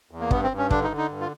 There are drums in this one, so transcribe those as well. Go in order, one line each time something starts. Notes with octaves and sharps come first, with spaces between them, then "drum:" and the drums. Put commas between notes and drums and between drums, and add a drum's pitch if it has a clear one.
E2
A#3
G2 B3, drum: kick
C4
G2
C#4
D3 D4, drum: kick
D#4
D3
D#4
G2
F4